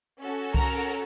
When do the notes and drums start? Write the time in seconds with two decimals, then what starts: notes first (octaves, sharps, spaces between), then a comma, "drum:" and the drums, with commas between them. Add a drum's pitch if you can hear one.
0.21 C#4 F#4 A4
0.54 A#4 A#5, drum: kick C2